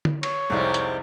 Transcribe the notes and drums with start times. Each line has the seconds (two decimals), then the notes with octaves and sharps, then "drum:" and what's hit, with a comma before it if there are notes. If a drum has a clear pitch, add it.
0.05 drum: tom
0.23 C#5, drum: cymbal
0.50 C2 F2 G#2 C3 G3
0.74 drum: hi-hat